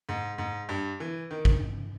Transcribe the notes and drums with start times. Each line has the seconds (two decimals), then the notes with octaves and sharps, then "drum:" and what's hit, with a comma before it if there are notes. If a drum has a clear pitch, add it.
0.09 G#2
0.38 G#2
0.69 G2
1.00 E3
1.31 D#3
1.45 drum: kick